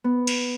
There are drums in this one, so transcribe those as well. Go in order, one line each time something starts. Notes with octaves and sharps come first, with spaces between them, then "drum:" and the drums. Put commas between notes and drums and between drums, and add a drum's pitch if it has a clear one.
B3
drum: cymbal